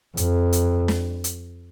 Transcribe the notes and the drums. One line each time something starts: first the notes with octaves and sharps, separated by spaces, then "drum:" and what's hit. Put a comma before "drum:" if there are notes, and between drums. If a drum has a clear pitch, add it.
F2, drum: hi-hat
drum: hi-hat
drum: snare
drum: hi-hat